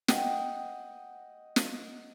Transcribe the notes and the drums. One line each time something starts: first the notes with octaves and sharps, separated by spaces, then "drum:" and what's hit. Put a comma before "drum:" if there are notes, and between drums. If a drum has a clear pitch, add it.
D#5 F#5 G5, drum: snare
drum: snare